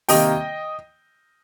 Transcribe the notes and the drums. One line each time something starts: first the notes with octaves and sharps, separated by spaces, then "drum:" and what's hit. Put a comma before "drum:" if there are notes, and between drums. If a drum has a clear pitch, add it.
C3 D#3 G3 A#3 D#5 G5, drum: open hi-hat